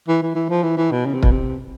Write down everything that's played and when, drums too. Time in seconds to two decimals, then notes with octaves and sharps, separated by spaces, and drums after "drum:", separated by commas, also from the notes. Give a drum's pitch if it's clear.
0.08 E3
0.22 E3
0.35 E3
0.50 F3
0.63 E3
0.77 E3
0.92 B2
1.06 C#3
1.14 C3
1.23 B2, drum: kick
1.31 C3